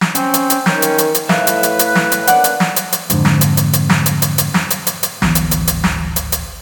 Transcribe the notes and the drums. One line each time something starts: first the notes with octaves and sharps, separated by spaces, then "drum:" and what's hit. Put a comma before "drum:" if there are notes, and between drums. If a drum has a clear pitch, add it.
drum: snare
C4 C#4, drum: hi-hat
drum: hi-hat
drum: hi-hat
D#3 C#4 G6, drum: snare
drum: hi-hat
drum: hi-hat
drum: hi-hat
A2 B4 E5 F5, drum: snare
drum: hi-hat
drum: hi-hat
drum: hi-hat
drum: snare
drum: hi-hat
A#3 C#4 D4 D5 F#5, drum: hi-hat
drum: hi-hat
drum: snare
drum: hi-hat
drum: hi-hat
F2 G#2 D3, drum: hi-hat
drum: snare
drum: hi-hat
drum: hi-hat
drum: hi-hat
drum: snare
drum: hi-hat
drum: hi-hat
drum: hi-hat
drum: snare
drum: hi-hat
drum: hi-hat
drum: hi-hat
D1 G#1 E3 B3, drum: snare
drum: hi-hat
drum: hi-hat
drum: hi-hat
drum: snare
drum: hi-hat
drum: hi-hat